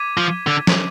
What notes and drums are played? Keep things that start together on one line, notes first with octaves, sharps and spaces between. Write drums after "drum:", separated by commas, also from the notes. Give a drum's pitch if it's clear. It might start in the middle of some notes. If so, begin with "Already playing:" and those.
Already playing: D6 G#6 B6 D#7
F3
D3
drum: snare